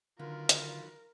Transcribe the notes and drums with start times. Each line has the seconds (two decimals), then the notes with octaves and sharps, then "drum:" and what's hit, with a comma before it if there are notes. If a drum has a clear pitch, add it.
0.19 D3 D#3 F#3 F4 A#4 B4
0.49 drum: hi-hat